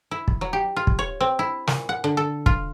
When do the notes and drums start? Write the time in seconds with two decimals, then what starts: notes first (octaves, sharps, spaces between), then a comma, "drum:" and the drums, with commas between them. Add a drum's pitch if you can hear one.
0.11 E4
0.28 drum: kick
0.41 F#3
0.53 G4
0.76 F4
0.87 drum: kick
0.99 C#5
1.21 C4
1.39 E4
1.67 A#2, drum: snare
1.89 F#5
2.04 D3
2.17 A4
2.46 F4, drum: kick